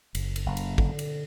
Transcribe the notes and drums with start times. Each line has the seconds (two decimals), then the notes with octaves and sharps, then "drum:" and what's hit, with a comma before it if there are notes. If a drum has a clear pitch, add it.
0.15 F#1, drum: cymbal
0.36 drum: cymbal
0.46 F#1
0.57 drum: cymbal
0.78 D3, drum: kick
0.99 drum: cymbal